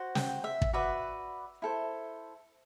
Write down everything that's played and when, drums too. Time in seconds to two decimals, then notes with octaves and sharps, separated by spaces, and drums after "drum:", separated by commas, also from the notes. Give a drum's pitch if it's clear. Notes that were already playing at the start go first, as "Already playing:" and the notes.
Already playing: F#4 C5
0.15 G5, drum: snare
0.44 E5
0.62 drum: kick
0.73 F#4 B4 D5 E5
1.62 E4 A4 C5